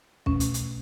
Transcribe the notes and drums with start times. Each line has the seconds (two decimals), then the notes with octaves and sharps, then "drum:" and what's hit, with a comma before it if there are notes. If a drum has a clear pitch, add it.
0.26 B2 A3 C#4, drum: kick
0.40 drum: hi-hat
0.54 drum: hi-hat